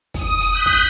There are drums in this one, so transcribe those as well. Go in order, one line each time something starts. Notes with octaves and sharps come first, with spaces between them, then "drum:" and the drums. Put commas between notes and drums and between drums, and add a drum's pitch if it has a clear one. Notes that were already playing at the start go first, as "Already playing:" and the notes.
D#6, drum: kick, hi-hat
drum: hi-hat
F#6 G6 B6
drum: kick, hi-hat